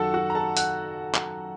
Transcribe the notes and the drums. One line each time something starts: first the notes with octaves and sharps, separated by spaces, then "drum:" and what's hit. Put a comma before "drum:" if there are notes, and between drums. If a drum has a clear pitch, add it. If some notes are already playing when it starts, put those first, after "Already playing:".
Already playing: F#2 D#3 F#4 A4 F#5 A5
F#4 F#5
A#5
A4 A5
F#5 F#6, drum: hi-hat
drum: clap